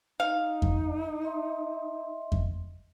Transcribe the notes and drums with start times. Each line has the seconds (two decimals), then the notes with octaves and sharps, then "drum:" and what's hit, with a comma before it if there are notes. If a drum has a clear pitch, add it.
0.20 D#4 F5
0.62 drum: kick F2
1.22 D#5 E5 C6
2.32 drum: kick F2